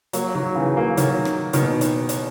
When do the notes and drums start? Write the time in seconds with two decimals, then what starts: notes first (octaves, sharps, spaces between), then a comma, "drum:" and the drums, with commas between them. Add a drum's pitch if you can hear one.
0.13 F#3 A#3, drum: hi-hat
0.35 D#3 F#3
0.55 C#3 E3
0.76 F#3 A#3
0.97 D#3 F#3, drum: hi-hat
1.25 drum: rim click
1.53 B2 D#3, drum: hi-hat
1.81 drum: hi-hat
2.09 drum: hi-hat